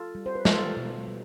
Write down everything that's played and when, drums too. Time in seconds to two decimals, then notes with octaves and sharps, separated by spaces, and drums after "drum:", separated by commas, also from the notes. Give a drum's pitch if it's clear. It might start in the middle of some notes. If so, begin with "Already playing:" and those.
Already playing: F4 A4
0.15 G3
0.26 C5
0.35 B4
0.45 G3 F4 A4, drum: snare
0.77 B2
1.07 G3